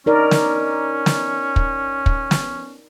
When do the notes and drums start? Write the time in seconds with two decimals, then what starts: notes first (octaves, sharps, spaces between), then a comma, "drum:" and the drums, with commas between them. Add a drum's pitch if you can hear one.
0.06 C#4 D#4 A#4 D5
0.31 drum: snare
1.06 drum: snare
1.56 drum: kick
2.06 drum: kick
2.31 drum: snare